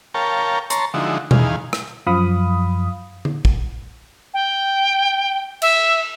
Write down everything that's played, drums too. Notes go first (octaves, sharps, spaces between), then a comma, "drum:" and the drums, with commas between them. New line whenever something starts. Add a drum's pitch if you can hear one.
A#4 C#5 F5 G5 A5
C#5 A5 A#5 C6, drum: hi-hat
D3 F3 G#3 D#4 E4 F#4
E2 D#3 G#4 F5, drum: tom B2
drum: rim click
F#2 F3 F5 B5 D#6
drum: tom D3
drum: kick
G5
E5, drum: cymbal